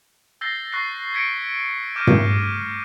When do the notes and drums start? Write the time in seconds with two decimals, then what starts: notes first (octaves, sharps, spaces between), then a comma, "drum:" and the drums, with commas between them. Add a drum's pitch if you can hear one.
0.41 E6 G6 A6 A#6 C7 G7
0.73 C#6 F#6 A#6 C7
1.14 G#6 A#6 B6 C#7 D7
1.96 D6 F6 G6 A#6 D#7
2.07 drum: tom